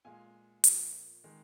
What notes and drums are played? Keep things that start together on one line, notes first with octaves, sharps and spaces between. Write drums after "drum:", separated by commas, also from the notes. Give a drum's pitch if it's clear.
A#2 G#3 F5 G#5
A#2 F3 A#3, drum: hi-hat
D#3 G#3